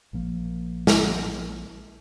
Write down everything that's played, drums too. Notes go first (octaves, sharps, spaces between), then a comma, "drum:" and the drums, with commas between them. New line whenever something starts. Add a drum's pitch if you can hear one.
A#1 F3 A#3
drum: snare